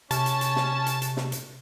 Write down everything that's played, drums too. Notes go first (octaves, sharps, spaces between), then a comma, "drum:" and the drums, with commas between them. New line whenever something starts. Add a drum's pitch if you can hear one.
C3 C#4 A5, drum: hi-hat
drum: hi-hat
drum: hi-hat
drum: snare
drum: hi-hat
drum: hi-hat
drum: snare
drum: hi-hat